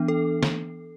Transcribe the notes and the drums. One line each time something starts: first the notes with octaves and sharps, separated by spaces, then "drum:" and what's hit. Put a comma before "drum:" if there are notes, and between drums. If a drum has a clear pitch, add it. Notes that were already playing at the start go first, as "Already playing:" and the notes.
Already playing: E3 B3 D4
A4
drum: snare